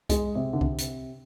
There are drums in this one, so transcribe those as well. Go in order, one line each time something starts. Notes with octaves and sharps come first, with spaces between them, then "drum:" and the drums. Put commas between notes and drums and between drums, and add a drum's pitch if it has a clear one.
G#3, drum: kick C2, hi-hat
C3
D3
C3, drum: kick C2
drum: hi-hat